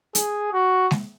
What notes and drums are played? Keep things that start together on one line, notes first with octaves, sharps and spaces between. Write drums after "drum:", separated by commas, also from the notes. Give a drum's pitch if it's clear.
G#4, drum: hi-hat
F#4
drum: snare G#3